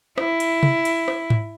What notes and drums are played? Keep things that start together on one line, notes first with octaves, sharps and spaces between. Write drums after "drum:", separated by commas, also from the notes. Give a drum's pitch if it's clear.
E4, drum: rim click
drum: cymbal
drum: tom C3
drum: cymbal
drum: rim click
drum: tom G#2